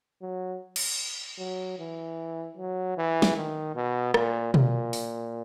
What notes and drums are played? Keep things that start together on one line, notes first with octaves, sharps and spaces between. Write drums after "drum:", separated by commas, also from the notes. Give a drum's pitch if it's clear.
F#3
drum: cymbal
F#3
E3
F#3
E3
drum: snare
D#3
B2
A#2, drum: rim click
A#2, drum: tom B2
drum: open hi-hat